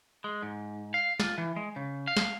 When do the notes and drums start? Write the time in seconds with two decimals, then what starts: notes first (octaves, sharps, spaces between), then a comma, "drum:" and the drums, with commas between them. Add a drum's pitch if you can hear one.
0.24 G#3
0.42 G#2
0.94 F5
1.20 F4, drum: snare
1.38 E3
1.56 G#3
1.76 C#3
2.07 F5
2.17 drum: snare